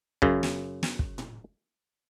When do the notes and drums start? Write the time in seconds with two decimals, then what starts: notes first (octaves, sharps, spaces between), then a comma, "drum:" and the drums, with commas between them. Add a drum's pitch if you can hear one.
0.22 F#2 C#3, drum: kick
0.43 drum: snare
0.83 drum: snare
0.99 drum: kick
1.18 drum: tom A2